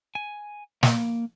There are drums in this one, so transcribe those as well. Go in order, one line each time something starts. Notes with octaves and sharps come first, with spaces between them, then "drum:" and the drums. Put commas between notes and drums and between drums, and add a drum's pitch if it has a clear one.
G#5
A#3, drum: snare